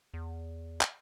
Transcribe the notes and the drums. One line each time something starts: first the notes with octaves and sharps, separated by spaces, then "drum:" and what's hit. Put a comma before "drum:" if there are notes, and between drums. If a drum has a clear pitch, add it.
E2
drum: clap